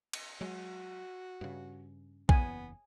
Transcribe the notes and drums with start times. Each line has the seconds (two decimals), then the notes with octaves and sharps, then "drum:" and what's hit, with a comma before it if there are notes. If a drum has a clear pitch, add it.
0.13 drum: cymbal
0.41 F#3 G#3 F#4
1.41 G2 C#3
2.29 F#1 E2 B3 G#5, drum: kick A#1